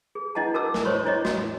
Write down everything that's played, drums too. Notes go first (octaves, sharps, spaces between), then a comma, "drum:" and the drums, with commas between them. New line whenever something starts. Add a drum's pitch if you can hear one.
G#4
D4 E4 D#5 F#5 A5
F#4 A#4 A5 D6 E6
drum: snare
C5 C#5 C6 C#6
D4 E4 C#5 D#5
F#4, drum: snare